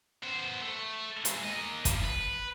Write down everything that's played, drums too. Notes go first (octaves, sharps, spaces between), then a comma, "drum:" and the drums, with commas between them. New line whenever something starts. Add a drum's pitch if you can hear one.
B3 C5
A3
G#3 C4, drum: hi-hat
A#3 D#5
D3 F3, drum: kick, hi-hat
B4